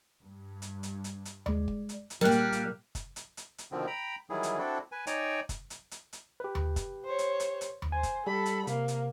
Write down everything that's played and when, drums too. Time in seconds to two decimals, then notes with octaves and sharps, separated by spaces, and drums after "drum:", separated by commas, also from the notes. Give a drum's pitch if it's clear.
0.23 G2
0.62 drum: hi-hat
0.83 drum: hi-hat
1.04 drum: hi-hat
1.25 drum: hi-hat
1.46 G#3 D5, drum: tom D#2
1.68 drum: kick
1.89 drum: hi-hat
2.10 drum: hi-hat
2.21 A#2 G3 A#3 G4 A#4 F6 F#6
2.31 drum: hi-hat
2.52 drum: hi-hat
2.95 drum: kick, hi-hat
3.16 drum: hi-hat
3.37 drum: hi-hat
3.58 drum: hi-hat
3.72 B2 D3 D#3 F3 C4
3.87 G5 A#5 B5
4.30 D#3 E3 F#3 G3 E4 G#4
4.43 drum: hi-hat
4.58 C4 D4 E4 F#4 A4
4.92 B4 G#5
5.07 D#4 C#5 D5 G5 G#5 A#5, drum: hi-hat
5.49 drum: kick, hi-hat
5.70 drum: hi-hat
5.91 drum: hi-hat
6.13 drum: hi-hat
6.40 G4 B4
6.55 drum: tom D#2
6.76 drum: kick, hi-hat
7.05 C5 C#5
7.19 drum: hi-hat
7.40 drum: hi-hat
7.61 drum: hi-hat
7.82 drum: tom D#2
7.92 C5 G#5
8.03 drum: kick, hi-hat
8.27 G3 G4 A4 B5
8.46 drum: hi-hat
8.67 C3 A#3, drum: hi-hat
8.88 drum: hi-hat